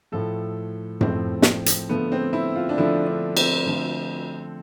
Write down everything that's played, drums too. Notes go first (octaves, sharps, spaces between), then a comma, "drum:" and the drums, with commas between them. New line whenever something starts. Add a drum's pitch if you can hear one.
A2 F3 A3 A4
A2 F3 A3 C4, drum: tom F#2
drum: snare
drum: hi-hat
D3 F3 A3 B3
C4
E4
F4
D4
D3 F3 A3 E4
D4
C4, drum: cymbal
D3 F3 A3